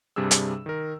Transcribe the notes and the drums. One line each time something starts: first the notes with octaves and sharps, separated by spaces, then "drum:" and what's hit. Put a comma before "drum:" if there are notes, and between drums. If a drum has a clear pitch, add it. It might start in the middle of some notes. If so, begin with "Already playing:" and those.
G2 C3 G3 D4 G#4 E6
drum: hi-hat
D#3 A#4